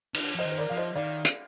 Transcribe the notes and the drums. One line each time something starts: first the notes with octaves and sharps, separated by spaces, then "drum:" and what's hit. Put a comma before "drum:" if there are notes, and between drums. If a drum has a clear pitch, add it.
D#3, drum: cymbal
D3
F3 C5 D#5
D#3
C5
A#4 D5
F3 F5
C5 D#5
D#3 D5 F5
drum: hi-hat